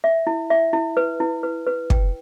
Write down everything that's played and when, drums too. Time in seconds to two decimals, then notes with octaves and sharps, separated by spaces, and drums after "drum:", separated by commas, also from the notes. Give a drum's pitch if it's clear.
0.04 E5
0.27 E4
0.50 E5
0.73 E4
0.97 B4
1.20 E4
1.43 B4
1.67 B4
1.90 G5, drum: kick